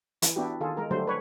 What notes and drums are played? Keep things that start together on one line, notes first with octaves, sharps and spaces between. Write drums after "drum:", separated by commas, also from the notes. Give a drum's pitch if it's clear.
E3, drum: hi-hat
B3 D4 E4 F#4 G4
D#3 F4 G#4 A4
G#3 A#4
D3 F#3 G3 A3 C5
B4 C#5